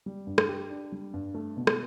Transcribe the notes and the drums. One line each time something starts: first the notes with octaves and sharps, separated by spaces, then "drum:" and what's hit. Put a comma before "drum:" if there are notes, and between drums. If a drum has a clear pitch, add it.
G3
G2
drum: rim click
G4
D4
G3
G2
A3
B2
drum: rim click